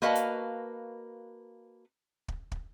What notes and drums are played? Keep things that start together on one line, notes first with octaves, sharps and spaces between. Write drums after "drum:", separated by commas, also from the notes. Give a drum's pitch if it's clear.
A#3 F#4 B4 D#5 F5 A5
drum: hi-hat
drum: kick
drum: kick